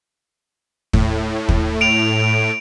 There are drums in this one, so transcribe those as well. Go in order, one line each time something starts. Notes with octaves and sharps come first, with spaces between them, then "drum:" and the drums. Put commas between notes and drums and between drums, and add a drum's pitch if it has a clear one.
A2, drum: kick
drum: kick
D7 F7